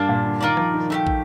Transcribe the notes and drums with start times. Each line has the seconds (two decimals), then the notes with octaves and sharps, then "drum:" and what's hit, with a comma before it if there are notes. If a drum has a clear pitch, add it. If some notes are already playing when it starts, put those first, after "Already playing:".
Already playing: G2 A#3 D4 F4
0.09 A#2
0.25 D3
0.41 D#3 F4 A#4 D5
0.57 F3, drum: rim click
0.74 D#3
0.90 D#3 A3 D#4 G4
1.07 drum: kick